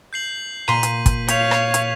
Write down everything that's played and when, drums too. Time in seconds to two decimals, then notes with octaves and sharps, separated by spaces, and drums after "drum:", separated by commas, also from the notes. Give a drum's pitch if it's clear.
0.13 G6 C7 F#7
0.68 A#2 A#5 C6 B6 D#7
0.83 drum: hi-hat
1.06 drum: kick, hi-hat
1.28 C#5 F5 G6 B6 F7, drum: hi-hat
1.51 drum: rim click
1.74 drum: hi-hat